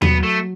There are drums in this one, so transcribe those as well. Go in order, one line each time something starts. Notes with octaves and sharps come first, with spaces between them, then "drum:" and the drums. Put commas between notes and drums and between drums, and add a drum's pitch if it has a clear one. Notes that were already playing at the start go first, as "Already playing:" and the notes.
F#3 B3, drum: tom D#2
A3